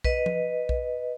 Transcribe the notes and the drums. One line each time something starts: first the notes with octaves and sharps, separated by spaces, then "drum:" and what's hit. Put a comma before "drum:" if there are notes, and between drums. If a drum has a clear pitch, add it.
B4 D#5, drum: kick B1
drum: tom F3
drum: kick B1